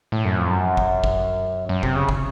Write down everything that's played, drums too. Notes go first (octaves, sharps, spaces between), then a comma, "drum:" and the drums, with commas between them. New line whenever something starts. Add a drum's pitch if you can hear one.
A2
F#2
F2
F#2
drum: kick
drum: kick
F#2
C3, drum: kick
C#3
drum: kick